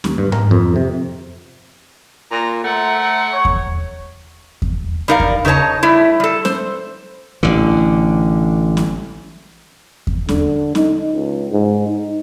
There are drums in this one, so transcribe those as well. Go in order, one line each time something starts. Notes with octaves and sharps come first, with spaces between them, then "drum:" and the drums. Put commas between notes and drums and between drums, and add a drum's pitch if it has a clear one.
D#2, drum: snare C#4
G2
A#4, drum: tom G#2
F2
C3
A#2 A#5
A3 C5 E5 F#5 A#5
C#5
drum: kick E2
drum: kick E2
G3 D#4 A#4 D5 F5
drum: kick E2
C#3 D#4 B4 C#5 A5
G3 A3 E4
G3 A4
C5, drum: snare C#4
A1 D3
drum: snare C#4
drum: kick E2
D3, drum: snare C#4
D#4, drum: snare C#4
C#2
G#2
D#4